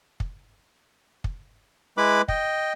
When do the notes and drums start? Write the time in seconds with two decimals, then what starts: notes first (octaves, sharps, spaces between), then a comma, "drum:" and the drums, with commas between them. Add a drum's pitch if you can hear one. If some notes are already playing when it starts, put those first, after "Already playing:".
0.20 drum: kick
1.24 drum: kick
1.98 G#3 E4 B4 B5 D6
2.28 D#5 G5, drum: kick